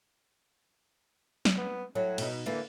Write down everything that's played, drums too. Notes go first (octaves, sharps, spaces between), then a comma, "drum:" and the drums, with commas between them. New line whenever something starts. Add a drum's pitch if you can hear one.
drum: snare
B3
A2 F#3
B2 D#4, drum: cymbal
D3 E3 A#3